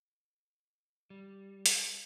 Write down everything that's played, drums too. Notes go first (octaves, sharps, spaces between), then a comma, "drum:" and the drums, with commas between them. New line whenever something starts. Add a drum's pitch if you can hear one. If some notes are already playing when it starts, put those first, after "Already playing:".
G3
drum: hi-hat